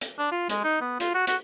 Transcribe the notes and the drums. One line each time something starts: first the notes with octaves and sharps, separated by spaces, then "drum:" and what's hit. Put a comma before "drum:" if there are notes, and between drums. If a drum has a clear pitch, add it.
drum: hi-hat
D4
F4
G#3, drum: hi-hat
D#4
B3
F4, drum: hi-hat
F#4
F#4, drum: hi-hat